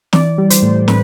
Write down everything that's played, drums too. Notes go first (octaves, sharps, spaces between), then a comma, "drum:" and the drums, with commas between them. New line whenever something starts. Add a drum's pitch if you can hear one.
E3 D5, drum: snare
G3
C5, drum: hi-hat
A2
A2 B4, drum: snare